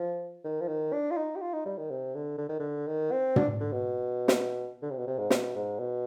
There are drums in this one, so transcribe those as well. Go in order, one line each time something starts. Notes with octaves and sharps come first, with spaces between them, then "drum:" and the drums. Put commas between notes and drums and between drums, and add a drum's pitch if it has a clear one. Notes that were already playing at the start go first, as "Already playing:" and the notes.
Already playing: F3
D#3
F3
D#3
D4
F4
D#4
G4
F4
D#4
G3
D#3
C3
D3
D3
D#3
D3
D#3
C4
D4, drum: tom
D3
B2
drum: snare
D3
C3
B2
C3
G#2
B2, drum: snare
G#2
B2